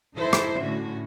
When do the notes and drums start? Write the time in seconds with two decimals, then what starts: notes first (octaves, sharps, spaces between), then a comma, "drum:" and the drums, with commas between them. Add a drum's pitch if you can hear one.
0.18 D#4 E4 A4 C5 E5
0.33 drum: rim click
0.59 A2 D3 C#4 F#4